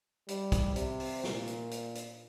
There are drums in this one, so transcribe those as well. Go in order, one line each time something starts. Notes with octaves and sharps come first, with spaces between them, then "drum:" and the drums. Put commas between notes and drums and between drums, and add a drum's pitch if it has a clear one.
G3, drum: hi-hat
drum: kick, hi-hat
C3, drum: hi-hat
drum: open hi-hat
A#2, drum: snare
drum: hi-hat
drum: hi-hat
drum: hi-hat